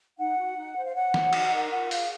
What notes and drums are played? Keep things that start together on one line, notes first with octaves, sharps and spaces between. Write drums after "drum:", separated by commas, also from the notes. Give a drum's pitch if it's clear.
D#4 F#5
F#4
D#4
C5
F5
C#5 F#5
F#4, drum: snare
D#4, drum: cymbal
A#4
F4 F#5
G#4 F5, drum: open hi-hat